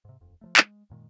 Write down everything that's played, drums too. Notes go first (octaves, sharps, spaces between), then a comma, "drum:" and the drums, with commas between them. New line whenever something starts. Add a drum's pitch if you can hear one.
G#2 C3
D#1 F2
F3 F#3 A3
G#3, drum: clap
F#2 A#2 D#3 G#3